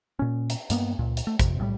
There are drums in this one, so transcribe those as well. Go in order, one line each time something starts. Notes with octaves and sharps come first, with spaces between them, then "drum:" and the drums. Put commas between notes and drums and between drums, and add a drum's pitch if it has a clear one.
A#2 C#4
drum: hi-hat
G2 A#3 B3, drum: hi-hat
C#2 A#2
drum: hi-hat
A3
F2 C3, drum: kick, hi-hat
B1 A2 E3 G3